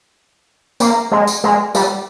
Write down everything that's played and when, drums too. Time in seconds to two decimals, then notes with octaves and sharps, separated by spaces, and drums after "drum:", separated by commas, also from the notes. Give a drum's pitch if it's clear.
0.80 A#3, drum: tambourine
1.11 G#3
1.27 drum: tambourine
1.44 G#3
1.75 G3, drum: tambourine